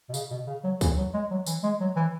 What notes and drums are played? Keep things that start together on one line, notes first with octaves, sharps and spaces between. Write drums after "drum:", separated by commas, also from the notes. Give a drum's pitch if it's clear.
B2
C#3, drum: tambourine
B2
C#3
F#3
E3, drum: kick, tambourine
F#3
G#3
F#3
E3, drum: tambourine
G#3
F#3
E3